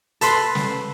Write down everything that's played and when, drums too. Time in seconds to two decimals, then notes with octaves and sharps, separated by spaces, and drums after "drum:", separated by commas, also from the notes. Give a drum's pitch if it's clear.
0.21 A4 B4 C6, drum: hi-hat
0.55 drum: snare